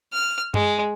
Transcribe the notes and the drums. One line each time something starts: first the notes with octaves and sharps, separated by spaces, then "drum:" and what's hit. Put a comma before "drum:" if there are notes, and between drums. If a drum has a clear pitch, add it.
F6
G#3, drum: tom G2